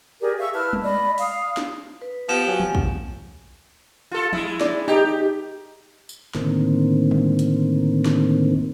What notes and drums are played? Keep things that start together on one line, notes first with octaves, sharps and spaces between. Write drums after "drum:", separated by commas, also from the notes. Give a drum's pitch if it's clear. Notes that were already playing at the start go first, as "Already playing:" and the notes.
G4 G#4 A#4 D5
E5 F5 C#6 E6
E4 B4 A5 F6
drum: tom G3
D5 D#5 B5
F5 D#6, drum: open hi-hat
drum: snare
B4
F3 B3 G4 E7
F#3 G#5
drum: tom E3
drum: kick
F4 A4
G#3 E4, drum: tom E3
D5, drum: snare
D#4 G4
drum: tambourine
A2 D3 D#3 A#3 C4, drum: snare
drum: tom G3
drum: hi-hat
drum: snare